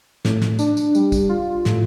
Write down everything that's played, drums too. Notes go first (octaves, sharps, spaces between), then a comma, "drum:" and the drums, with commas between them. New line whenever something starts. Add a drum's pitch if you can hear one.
A2, drum: snare
drum: snare
D4, drum: tambourine
drum: tambourine
G3, drum: tambourine
drum: kick, tambourine
F4
A2, drum: snare